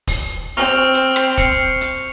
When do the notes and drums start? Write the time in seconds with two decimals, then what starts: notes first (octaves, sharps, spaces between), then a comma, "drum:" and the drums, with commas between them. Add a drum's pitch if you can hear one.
0.07 drum: kick E1, open hi-hat
0.57 C4 C#6 F6 F7
0.94 drum: hi-hat
1.16 drum: rim click
1.38 F6 C7 C#7, drum: kick E1, hi-hat
1.81 drum: hi-hat